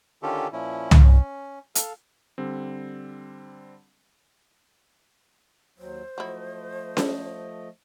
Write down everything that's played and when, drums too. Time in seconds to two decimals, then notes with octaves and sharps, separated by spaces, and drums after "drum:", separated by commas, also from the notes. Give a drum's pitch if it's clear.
0.23 D3 D#3 C#4 F4 G4 A4
0.52 A#2 F3 C#4 E4
0.91 drum: tom
1.03 C#4
1.75 A4 F5, drum: hi-hat
2.38 D3 G3 C4
5.79 D#2 F#3 C5
6.18 F3 F#3 A3 E4 D#5
6.97 G3 A4, drum: snare C#4